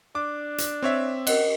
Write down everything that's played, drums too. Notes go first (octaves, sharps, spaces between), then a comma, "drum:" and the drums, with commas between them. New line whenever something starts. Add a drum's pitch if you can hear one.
D4 D6
drum: hi-hat
C4 C#5 E5
A#4 D#5 F#5, drum: cymbal